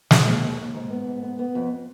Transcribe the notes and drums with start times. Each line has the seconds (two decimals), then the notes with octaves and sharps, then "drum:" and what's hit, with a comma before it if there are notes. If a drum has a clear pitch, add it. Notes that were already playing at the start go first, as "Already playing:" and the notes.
0.11 F3, drum: snare
0.27 D#2
0.43 D#2
0.59 D#2
0.75 G#2
0.90 B3
1.07 G#2
1.23 B3
1.39 B3
1.55 F2